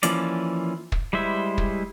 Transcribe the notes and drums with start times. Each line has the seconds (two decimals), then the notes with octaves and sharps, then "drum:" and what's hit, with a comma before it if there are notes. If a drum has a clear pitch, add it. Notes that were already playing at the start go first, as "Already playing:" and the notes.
0.03 E3 F3 A#3 C#4 D5, drum: hi-hat
0.92 drum: kick
1.13 G3 G#3 E4 C5 E5
1.58 drum: kick